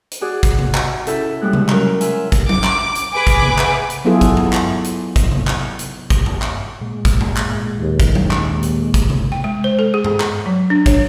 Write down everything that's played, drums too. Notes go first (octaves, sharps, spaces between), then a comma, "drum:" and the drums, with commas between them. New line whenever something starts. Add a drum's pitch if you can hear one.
drum: hi-hat
F#4 G#4 D5
drum: kick, hi-hat
drum: tom C3
drum: clap
C#4 E4 A4 E5 A5 G6, drum: hi-hat
A2 G3 G#3 F#6
drum: tom C3
F#3 C#4 A#4, drum: clap
F4 E5 G#5, drum: hi-hat
drum: kick, hi-hat
D6, drum: tom F#3
drum: clap
drum: hi-hat
G#4 B4 D6
drum: kick, hi-hat
drum: tom C3
drum: clap
drum: hi-hat
F#3 B3 E4 F4 G#4 A4
drum: kick, hi-hat
drum: tom G2
drum: clap
drum: hi-hat
drum: kick, hi-hat
drum: tom C3
drum: clap
drum: hi-hat
drum: kick, hi-hat
drum: tom G2
drum: clap
A#2 G#3
drum: kick, hi-hat
drum: tom G2
drum: clap
D#2
drum: kick, hi-hat
drum: tom F#3
drum: clap
drum: hi-hat
drum: kick, hi-hat
drum: tom C3
G5
G#3
C5
A4
G#4
drum: tom G2
drum: clap
F#3
D4
C#5, drum: kick, hi-hat